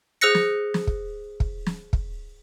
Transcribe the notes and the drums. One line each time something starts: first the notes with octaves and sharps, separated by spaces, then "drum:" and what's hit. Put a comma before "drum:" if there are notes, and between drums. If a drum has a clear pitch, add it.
G#4 C5 E6 F#6 A#6 C#7
drum: snare
drum: snare
drum: kick
drum: kick
drum: snare
drum: kick